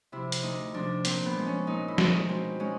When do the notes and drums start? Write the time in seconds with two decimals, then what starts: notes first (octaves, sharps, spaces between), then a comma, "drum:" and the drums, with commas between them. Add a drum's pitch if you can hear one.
0.12 C3 F3 E4
0.32 drum: hi-hat
0.43 D2 D#4
0.74 C3 F3 D4
1.05 A#2 C4, drum: hi-hat
1.26 B3
1.36 F3 G#3
1.47 C#4
1.67 A#2 D#4
1.88 E4
1.98 F3 G#3, drum: snare F3
2.09 D#4
2.29 B2 C4
2.60 G#3 C#4